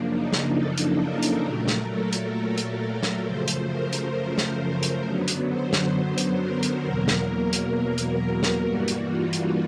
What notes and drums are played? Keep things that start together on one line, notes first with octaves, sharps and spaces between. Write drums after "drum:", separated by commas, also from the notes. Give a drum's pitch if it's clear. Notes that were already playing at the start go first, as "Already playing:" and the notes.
Already playing: F#2 C#3 F3 A#3 D4
D#4
drum: snare
A4
drum: hi-hat
A#4
drum: hi-hat
A#2 F#3 A3 A#4
drum: snare
A4
drum: hi-hat
A#4
drum: hi-hat
drum: snare
F#2 C#3 F3 A3 C5
drum: hi-hat
A#4
drum: hi-hat
drum: snare
drum: hi-hat
F#2 D3 F#3 B3
drum: hi-hat
C5
drum: snare
drum: hi-hat
A#4
drum: hi-hat
E2 B2 F#3 A#3 A#4
drum: snare
drum: hi-hat
drum: hi-hat
drum: snare
G2 E3 G3 A#3 F#4
drum: hi-hat
F4
drum: hi-hat